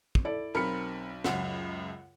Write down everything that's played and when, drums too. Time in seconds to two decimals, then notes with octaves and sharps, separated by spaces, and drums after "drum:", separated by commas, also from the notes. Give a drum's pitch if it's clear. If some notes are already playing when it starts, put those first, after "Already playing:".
0.15 drum: kick
0.25 E4 A4 D5
0.55 B1 C4 A#4 B5 F6 C#7
1.24 C#2 F#2 F#5, drum: snare